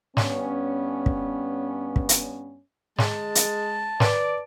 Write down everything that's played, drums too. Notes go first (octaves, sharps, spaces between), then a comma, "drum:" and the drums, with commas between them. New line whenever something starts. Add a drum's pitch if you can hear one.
G2 B3 C#4, drum: snare
drum: kick
drum: kick
drum: hi-hat
G#3 A5, drum: snare
drum: hi-hat
B4 D5 D7, drum: snare